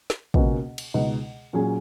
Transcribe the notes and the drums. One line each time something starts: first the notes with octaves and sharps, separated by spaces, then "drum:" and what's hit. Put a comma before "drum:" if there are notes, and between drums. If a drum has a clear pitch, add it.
drum: snare
C#2 B2 A#3 C#4 F#4, drum: kick
drum: cymbal
C#2 B2 G#3 D#4
A#2 F#3 C#4 G#4